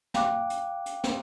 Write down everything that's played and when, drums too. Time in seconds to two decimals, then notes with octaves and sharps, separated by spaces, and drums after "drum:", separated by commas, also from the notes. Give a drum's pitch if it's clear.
0.14 F5 G5 D6 F#6, drum: snare
0.50 drum: hi-hat
0.86 drum: hi-hat
1.04 drum: snare